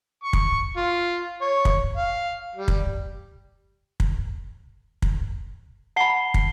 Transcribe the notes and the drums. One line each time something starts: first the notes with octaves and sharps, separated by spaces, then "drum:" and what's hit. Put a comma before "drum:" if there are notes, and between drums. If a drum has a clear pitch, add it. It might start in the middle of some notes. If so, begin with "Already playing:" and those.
C#6
drum: kick
F4
C#5
drum: kick
F5
G3
drum: kick
drum: kick
drum: kick
F#5 A5 B5 C7 G7
drum: kick